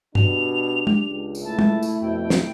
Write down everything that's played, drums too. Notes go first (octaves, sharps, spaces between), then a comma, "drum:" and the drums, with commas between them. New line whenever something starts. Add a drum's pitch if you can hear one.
B2 D4 G4 F7, drum: tom G2
drum: tom
C#2
drum: tambourine
A3 E4 A5
drum: tom
drum: tambourine
F2 B2 G5
drum: snare